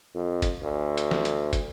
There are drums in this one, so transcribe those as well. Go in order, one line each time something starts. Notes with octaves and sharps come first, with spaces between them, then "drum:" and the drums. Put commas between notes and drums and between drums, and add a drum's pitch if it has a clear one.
F2
drum: kick, hi-hat
D2
drum: hi-hat
drum: snare
drum: hi-hat
drum: kick, hi-hat